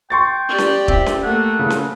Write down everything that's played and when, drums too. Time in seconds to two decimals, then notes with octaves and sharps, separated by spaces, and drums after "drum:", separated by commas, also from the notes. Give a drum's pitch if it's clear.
0.10 G5 C6 C#6 A6
0.48 G4 D5
0.58 drum: snare C#4
0.88 C4 E5, drum: kick
1.06 drum: snare C#4
1.23 A3 A#3 F#5
1.59 C#3
1.70 drum: snare C#4